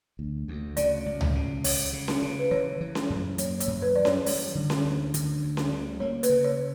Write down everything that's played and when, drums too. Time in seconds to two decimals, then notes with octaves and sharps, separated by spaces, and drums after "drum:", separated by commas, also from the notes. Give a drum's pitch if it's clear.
0.19 D2
0.48 D2
0.77 C#3 D5, drum: hi-hat
1.06 C#2
1.21 drum: tom C#2
1.35 C#3
1.64 C#3 C#5, drum: open hi-hat
1.93 C#3
2.08 drum: snare C#4
2.22 C#3
2.39 B4
2.51 E3 C#5
2.81 E3
2.95 drum: snare C#4
3.10 F#2
3.38 A#3 C#5, drum: hi-hat
3.60 C#5, drum: hi-hat
3.67 F#2
3.82 B4
3.96 E3 D5
4.05 C#5, drum: snare C#4
4.26 G3 C#5, drum: open hi-hat
4.55 D3
4.70 drum: snare C#4
4.84 D2
5.14 D3, drum: hi-hat
5.42 D2
5.57 drum: snare C#4
5.71 G3
6.00 A#3 C#5
6.23 B4, drum: hi-hat
6.30 C#3
6.44 C#5